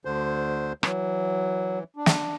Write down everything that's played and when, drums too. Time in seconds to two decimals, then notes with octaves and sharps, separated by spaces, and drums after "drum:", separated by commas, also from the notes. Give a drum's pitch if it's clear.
0.05 D2 D3 C5
0.83 E3 F#3, drum: rim click
1.96 D4
2.06 drum: snare